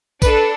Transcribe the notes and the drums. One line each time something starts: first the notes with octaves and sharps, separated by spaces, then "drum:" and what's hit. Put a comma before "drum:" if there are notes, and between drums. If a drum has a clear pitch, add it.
D4 A4 B4, drum: kick A#1, tambourine